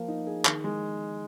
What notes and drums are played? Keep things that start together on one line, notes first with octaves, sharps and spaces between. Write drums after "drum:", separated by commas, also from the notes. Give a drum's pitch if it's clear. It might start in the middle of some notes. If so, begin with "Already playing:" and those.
Already playing: F3 A#3
D#4
G#4
D#3, drum: clap
G#3